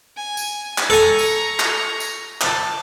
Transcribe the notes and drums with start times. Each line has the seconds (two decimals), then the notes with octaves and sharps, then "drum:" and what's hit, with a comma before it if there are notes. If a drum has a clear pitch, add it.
0.17 G#5
0.37 drum: tambourine
0.78 drum: clap
0.90 A4 G#5 A#5 C#6
1.19 drum: tambourine
1.59 drum: clap
2.00 drum: tambourine
2.41 A5, drum: clap